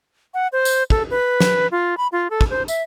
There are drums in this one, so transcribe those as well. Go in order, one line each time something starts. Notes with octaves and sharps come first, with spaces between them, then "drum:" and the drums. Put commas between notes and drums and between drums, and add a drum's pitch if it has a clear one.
F#5
C5
drum: tambourine
A4, drum: kick
B4
drum: snare
F4
B5
F4
A4
drum: kick
C5
E5, drum: tambourine